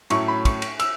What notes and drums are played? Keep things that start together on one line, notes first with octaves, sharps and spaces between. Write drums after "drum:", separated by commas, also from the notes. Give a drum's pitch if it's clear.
A2 F#3 A3 C#4 E4 C#6, drum: cymbal
B5
C#6, drum: kick, cymbal
drum: cymbal
E6, drum: cymbal